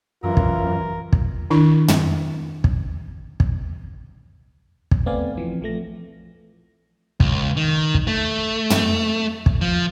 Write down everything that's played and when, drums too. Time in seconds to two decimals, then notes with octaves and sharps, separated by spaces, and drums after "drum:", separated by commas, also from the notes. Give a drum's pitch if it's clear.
0.24 F#2 E3 F4 A#4
0.37 drum: kick
1.13 drum: kick
1.50 D#3 D4 E4 C#6
1.88 drum: tom
2.64 drum: kick
3.40 drum: kick
4.91 drum: kick
5.06 A3 B3 C4 D5 F5 G#5
5.37 E3 F3 C4
5.61 A#1 F3 A3 A#6
7.20 C#2, drum: kick
7.57 D#3
7.95 drum: kick
8.07 A3
8.70 drum: tom
9.46 drum: kick
9.61 F3